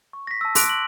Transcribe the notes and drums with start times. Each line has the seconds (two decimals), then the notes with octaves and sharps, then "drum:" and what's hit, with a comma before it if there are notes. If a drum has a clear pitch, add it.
0.13 C#6
0.27 A#6 B6
0.41 A5 E6
0.55 C6 D6 F#6 A#6 D7, drum: open hi-hat
0.69 F#7